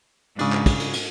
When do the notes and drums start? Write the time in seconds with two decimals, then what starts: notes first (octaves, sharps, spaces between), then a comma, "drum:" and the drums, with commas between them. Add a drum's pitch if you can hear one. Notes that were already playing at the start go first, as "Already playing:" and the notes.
0.39 G#2 C#3 D4, drum: cymbal
0.52 drum: clap
0.66 drum: kick, cymbal
0.80 drum: cymbal
0.93 drum: cymbal